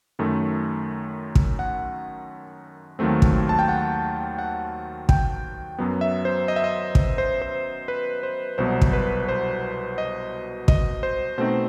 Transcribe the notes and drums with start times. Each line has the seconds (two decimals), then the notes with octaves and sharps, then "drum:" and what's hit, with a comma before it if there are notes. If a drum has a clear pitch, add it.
0.19 F#2 D#3 A3
1.35 drum: kick
1.59 F#5
2.99 D#2 D#3 F#3 A3 C4
3.22 drum: kick
3.49 A5
3.59 G5
3.68 F#5
4.39 F#5
5.09 G5, drum: kick
5.79 F#2 F#3 B3
6.01 E5
6.25 C5
6.48 D#5
6.56 E5
6.64 D#5
6.95 drum: kick
7.18 C5
7.42 C5
7.88 B4
8.23 C5
8.58 C2 B2 F#3 C5
8.82 drum: kick
8.93 B4
9.29 C5
9.98 D#5
10.68 D#5, drum: kick
11.03 C5
11.38 B2 A3 C4 D#4 C5